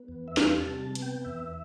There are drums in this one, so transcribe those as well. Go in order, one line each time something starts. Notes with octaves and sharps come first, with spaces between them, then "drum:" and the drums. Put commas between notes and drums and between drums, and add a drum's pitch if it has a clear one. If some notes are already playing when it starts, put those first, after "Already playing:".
Already playing: B3
E2
E5
G3 F5, drum: snare
A5
C3
A5
B3, drum: hi-hat
G5
E2 E5